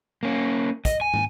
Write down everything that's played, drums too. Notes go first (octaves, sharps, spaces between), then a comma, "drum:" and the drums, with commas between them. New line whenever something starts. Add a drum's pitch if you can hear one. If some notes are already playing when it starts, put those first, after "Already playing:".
A#3 C#4
D#5, drum: kick, hi-hat
G#5
drum: tom